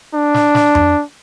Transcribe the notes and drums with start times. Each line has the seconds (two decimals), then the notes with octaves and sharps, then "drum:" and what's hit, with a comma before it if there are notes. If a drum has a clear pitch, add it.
0.14 D4
0.34 drum: snare
0.55 drum: snare
0.75 drum: tom F2